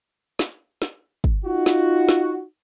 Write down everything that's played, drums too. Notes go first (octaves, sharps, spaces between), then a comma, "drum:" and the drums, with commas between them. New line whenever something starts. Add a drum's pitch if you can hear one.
drum: snare
drum: snare
drum: kick
D#4 F4 F#4
drum: snare
drum: snare